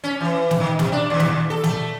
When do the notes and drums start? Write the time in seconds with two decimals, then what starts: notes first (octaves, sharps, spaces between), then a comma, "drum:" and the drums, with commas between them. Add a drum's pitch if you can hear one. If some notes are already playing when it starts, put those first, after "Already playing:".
0.04 C#4
0.21 E3
0.51 drum: snare
0.60 D#3
0.79 C3, drum: snare
0.92 D4
1.10 D#2
1.20 drum: snare
1.50 A4
1.64 A3, drum: snare